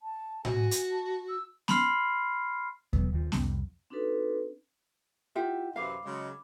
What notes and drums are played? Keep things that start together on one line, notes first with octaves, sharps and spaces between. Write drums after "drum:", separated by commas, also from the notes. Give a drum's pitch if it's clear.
A5
F#4 G#5, drum: tom A2
drum: hi-hat
A5
E6
B5 C6 F6 C7, drum: snare B3
B2 F#3 B3, drum: kick D#2
D#2 F3
C2 F2, drum: snare B3
C4 D4 D#4 F#4 A4 B4
E4 F4 G4 E5 F#5
F#2 C3 E3 F5 B5 D6
C#3 F#3 G#3